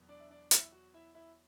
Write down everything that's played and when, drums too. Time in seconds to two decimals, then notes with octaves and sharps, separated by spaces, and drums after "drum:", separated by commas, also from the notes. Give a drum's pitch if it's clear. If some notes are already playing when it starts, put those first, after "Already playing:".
Already playing: E2 B2 F#3 B3
0.09 D4 D5
0.20 E5
0.31 D4 D5
0.51 E4 E5, drum: hi-hat
0.72 F#4 F#5
0.94 E4 E5
1.15 E4 E5